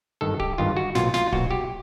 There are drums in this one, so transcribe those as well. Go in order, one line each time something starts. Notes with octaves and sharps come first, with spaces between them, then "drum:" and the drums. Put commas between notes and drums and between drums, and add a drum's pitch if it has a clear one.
G#1 G2 D#3 A4
G4, drum: kick D1
G#1 G2 D#3 F4
F#4
B1 A#2 F4, drum: snare
F4, drum: snare
B1 A#2 F#4, drum: kick D1
G4